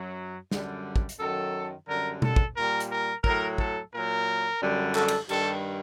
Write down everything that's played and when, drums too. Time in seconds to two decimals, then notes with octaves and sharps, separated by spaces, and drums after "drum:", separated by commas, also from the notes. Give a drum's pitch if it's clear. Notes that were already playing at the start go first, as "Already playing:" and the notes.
Already playing: F#2 F#3
0.52 F#2 D3 G3, drum: snare
0.96 drum: kick
1.09 drum: hi-hat
1.19 F#2 D#3 F#3 A4
1.88 F#2 D3 G3 A#4
2.22 A4, drum: tom B2
2.36 drum: kick
2.56 A#2 G3 A#4
2.80 drum: hi-hat
2.91 A#4
3.24 A2 F#3 A#4, drum: kick
3.58 A4, drum: kick
3.92 A#2 F#3 A#4
4.61 F#2 D3 G3
4.95 A4, drum: clap
5.08 drum: cymbal
5.29 G2 D#3 G3 A4, drum: cymbal